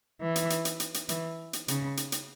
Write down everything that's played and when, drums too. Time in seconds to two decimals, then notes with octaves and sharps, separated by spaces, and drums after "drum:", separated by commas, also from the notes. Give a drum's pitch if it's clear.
0.21 E3
0.36 drum: hi-hat
0.50 drum: hi-hat
0.65 drum: hi-hat
0.80 drum: hi-hat
0.94 drum: hi-hat
1.09 E3, drum: hi-hat
1.53 drum: hi-hat
1.68 C#3, drum: hi-hat
1.97 drum: hi-hat
2.12 drum: hi-hat